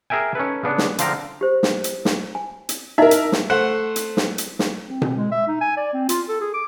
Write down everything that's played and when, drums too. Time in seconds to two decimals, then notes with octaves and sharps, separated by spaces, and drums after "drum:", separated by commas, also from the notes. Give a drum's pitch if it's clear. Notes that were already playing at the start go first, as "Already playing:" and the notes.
0.10 G#4 A#4 E5 G5 G#5
0.35 C#4 D#4 A4 B4
0.64 C#3 B3 D4
0.78 drum: snare
0.98 D3 F3 F5 G5 A#5, drum: hi-hat
1.41 G4 C5
1.63 drum: snare
1.84 drum: hi-hat
2.05 drum: snare
2.35 G#5
2.69 drum: hi-hat
2.98 D#4 E4 A#4 D#5 E5
3.11 drum: hi-hat
3.32 drum: snare
3.50 A3 C5 F#5
3.96 drum: hi-hat
4.17 drum: snare
4.38 drum: hi-hat
4.59 drum: snare
4.89 C4
5.02 drum: tom B2
5.16 G#3
5.32 E5
5.48 D#4
5.61 G#5
5.77 D5
5.94 C4
6.09 F4, drum: hi-hat
6.29 A4
6.41 G#4
6.54 D6